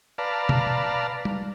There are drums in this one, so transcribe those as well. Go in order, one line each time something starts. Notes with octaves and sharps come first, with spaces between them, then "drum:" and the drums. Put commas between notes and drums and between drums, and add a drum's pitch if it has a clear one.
B4 D5 F5 A5 A#5
drum: tom B2
drum: tom G3